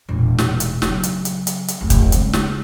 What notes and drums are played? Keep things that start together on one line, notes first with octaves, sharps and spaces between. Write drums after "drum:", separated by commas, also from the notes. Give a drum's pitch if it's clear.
E1 A#2
drum: snare
drum: hi-hat
C#3 F#3, drum: snare
drum: hi-hat
drum: hi-hat
drum: hi-hat
drum: hi-hat
F1 D#2
drum: kick, hi-hat
C#3 G#3, drum: hi-hat
drum: snare